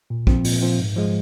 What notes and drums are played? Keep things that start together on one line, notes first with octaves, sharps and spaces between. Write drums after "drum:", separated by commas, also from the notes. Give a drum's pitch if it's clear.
A#2
F3 C4, drum: kick A#1
A#2, drum: open hi-hat
F3 C4
G#2
F3 G#3